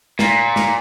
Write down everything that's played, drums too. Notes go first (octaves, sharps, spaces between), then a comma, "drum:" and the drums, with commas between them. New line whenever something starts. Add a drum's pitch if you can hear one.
A#2, drum: snare
drum: snare